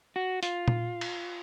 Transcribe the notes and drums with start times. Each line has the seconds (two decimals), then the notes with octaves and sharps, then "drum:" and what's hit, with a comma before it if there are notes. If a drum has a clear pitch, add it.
0.16 F#4
0.43 F4, drum: hi-hat
0.68 drum: tom A#2
1.01 drum: cymbal